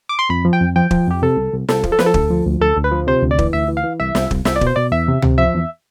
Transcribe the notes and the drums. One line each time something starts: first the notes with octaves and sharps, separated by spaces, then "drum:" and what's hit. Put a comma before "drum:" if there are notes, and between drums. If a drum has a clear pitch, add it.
D6
C6
F2 B5
F3
G5
F2
F3 G5
F3, drum: kick
F2 G4
C3 A4
C2
C2
C2 A4, drum: snare
F3, drum: kick
A4
F3 B4, drum: snare
A4
D2, drum: kick
F3
D2
D2 A4
D2
B4
F3
C3 C5
D2
D5
E3, drum: kick
D2 E5
E3
F5
E3
C2 E5
C2, drum: snare
C2, drum: kick
C2 E5, drum: snare
D5
B2, drum: kick
C5
B2 D5
E2 E5
C3
C3, drum: tom
F3 E5
E2